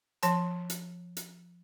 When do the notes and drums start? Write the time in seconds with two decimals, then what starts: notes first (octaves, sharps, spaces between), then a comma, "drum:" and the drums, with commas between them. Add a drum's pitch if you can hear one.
0.23 F3 A5, drum: hi-hat
0.70 drum: hi-hat
1.17 drum: hi-hat